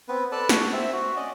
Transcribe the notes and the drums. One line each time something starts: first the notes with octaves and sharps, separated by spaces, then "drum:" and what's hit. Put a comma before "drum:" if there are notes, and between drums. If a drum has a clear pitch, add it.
B3 C4 B4
A4 B4 D5 A5
F#4 F#5, drum: snare
C4 E5
F#4
C#4 D5 D#5